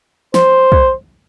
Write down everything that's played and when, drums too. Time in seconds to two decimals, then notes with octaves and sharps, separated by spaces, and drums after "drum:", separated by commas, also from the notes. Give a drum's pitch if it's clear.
0.34 C5, drum: snare
0.72 drum: kick